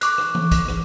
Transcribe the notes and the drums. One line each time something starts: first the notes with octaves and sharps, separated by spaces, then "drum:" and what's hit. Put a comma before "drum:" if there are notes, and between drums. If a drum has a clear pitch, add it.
C#6 D6 F#6, drum: hi-hat
drum: rim click
drum: tom E3
drum: kick, hi-hat
drum: rim click